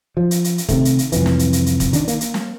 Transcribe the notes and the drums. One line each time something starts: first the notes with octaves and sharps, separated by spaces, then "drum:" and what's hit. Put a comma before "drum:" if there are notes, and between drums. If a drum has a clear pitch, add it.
F3
drum: hi-hat
drum: hi-hat
drum: hi-hat
C3 D#3 A3, drum: kick, hi-hat
drum: hi-hat
drum: hi-hat
C2 F2 E3, drum: hi-hat
drum: snare
drum: hi-hat
drum: hi-hat
drum: hi-hat
drum: kick, hi-hat
D#3 D4, drum: hi-hat
A#3, drum: hi-hat
drum: hi-hat
drum: snare